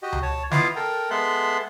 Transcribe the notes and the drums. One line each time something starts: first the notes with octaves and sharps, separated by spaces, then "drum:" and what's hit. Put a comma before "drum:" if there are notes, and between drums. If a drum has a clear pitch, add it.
F#4 G4 D#5
drum: tom C#2
C#5 A5
B3 E4 F4 D#5 F5 D6, drum: snare
A4 A#4 G5
G#3 B3 A4 E5 C6 F#6